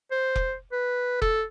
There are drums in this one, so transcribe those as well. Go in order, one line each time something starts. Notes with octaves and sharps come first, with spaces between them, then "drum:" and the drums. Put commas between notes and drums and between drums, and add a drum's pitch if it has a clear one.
C5
drum: kick F1
B4
A4, drum: kick F1